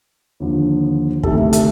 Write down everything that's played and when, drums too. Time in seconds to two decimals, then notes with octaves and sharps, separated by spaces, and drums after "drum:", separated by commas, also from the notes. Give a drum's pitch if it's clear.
0.40 D#2 D3 F3
1.23 D2 C3 D#3 G3 A4, drum: kick
1.53 A4, drum: hi-hat